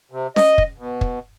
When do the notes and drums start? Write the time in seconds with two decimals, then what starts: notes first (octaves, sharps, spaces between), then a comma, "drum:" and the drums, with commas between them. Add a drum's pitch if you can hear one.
0.11 C3
0.36 D#5, drum: snare C#4
0.58 drum: kick
0.78 B2
1.01 drum: kick